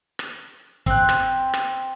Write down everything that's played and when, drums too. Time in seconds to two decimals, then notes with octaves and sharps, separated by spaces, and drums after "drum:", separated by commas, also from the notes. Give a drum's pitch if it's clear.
0.19 drum: rim click
0.86 C4 F#6, drum: kick
1.09 drum: rim click
1.54 drum: rim click